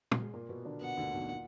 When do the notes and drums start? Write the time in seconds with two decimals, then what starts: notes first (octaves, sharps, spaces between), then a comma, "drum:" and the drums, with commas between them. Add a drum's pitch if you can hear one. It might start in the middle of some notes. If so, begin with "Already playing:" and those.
0.12 F#3, drum: tom
0.22 G#3
0.34 A#2 A#3
0.49 B2 B3
0.65 D3 D4
0.81 B2 B3 F#5
0.97 D2 D3
1.14 B1 B2
1.29 A#2